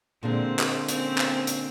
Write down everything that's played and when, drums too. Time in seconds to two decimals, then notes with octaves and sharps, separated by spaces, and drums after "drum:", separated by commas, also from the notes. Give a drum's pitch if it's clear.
0.23 A#2 D3 G#3 C4
0.59 drum: clap
0.89 C4 C#4, drum: hi-hat
1.18 drum: clap
1.47 drum: hi-hat